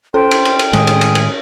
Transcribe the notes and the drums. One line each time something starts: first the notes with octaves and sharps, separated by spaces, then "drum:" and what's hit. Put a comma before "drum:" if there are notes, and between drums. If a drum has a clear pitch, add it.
C#4 A4 C5 G5
drum: cymbal
drum: cymbal
drum: cymbal
A2 D#3 G#3 G#4, drum: cymbal
drum: cymbal
drum: cymbal
drum: cymbal